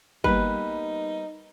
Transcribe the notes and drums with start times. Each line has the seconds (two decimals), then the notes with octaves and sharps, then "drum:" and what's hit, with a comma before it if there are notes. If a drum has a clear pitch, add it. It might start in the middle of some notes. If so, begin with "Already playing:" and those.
0.24 G3 A#3 B3 D#4 B4, drum: kick G1